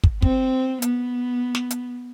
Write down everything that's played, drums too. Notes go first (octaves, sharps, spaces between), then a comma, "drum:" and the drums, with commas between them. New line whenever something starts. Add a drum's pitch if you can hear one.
drum: kick
C4, drum: kick
B3, drum: hi-hat
drum: snare
drum: hi-hat